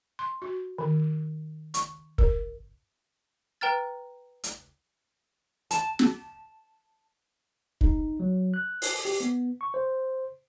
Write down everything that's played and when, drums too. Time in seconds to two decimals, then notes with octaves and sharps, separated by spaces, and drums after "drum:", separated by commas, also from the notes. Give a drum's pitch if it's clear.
0.19 C6
0.42 F#4
0.78 D#3
1.74 C#6, drum: hi-hat
2.18 A#4, drum: kick
3.61 B4 G5 A#5 F6 A6
4.44 drum: hi-hat
5.71 A5, drum: hi-hat
5.99 drum: snare
7.81 D#4, drum: kick
8.20 F#3
8.54 F#6
8.82 drum: open hi-hat
9.05 G4
9.20 B3
9.61 C#6
9.74 C5